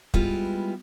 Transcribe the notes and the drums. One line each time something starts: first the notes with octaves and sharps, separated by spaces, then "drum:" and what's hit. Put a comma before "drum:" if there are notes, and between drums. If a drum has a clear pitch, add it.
G3 G#3 B3 E4 F4, drum: kick